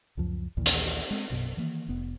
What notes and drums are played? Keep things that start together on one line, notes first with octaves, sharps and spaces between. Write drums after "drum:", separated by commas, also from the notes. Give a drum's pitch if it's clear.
C#2 F#2 F3
A#1 D#2 A#2 E3
drum: hi-hat
G#3 C4
A#1 F#2 B2
D#3 E3 A#3
F1 B3